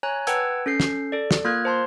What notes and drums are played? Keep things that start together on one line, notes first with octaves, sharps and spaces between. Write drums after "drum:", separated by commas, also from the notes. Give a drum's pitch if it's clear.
C#5 G#5 A#5 F#6
B4 F#5 G5 A5 E6 G#6, drum: hi-hat
C#4 A4 G6 C7
drum: snare
A4 D5
drum: snare
A#3 F4 F6 F#6 G#6
C5 A5 C6